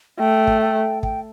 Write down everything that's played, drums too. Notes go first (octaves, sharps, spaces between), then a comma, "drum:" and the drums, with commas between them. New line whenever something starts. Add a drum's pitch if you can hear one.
A3 G5
drum: kick
G5
G5, drum: kick